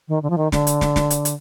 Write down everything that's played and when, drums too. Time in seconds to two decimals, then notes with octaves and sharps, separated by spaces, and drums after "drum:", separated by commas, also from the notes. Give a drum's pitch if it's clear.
0.08 D#3
0.23 D3
0.30 F3
0.38 D#3
0.52 D3, drum: snare
0.67 drum: hi-hat
0.81 drum: snare
0.96 drum: snare
1.10 drum: hi-hat
1.25 drum: hi-hat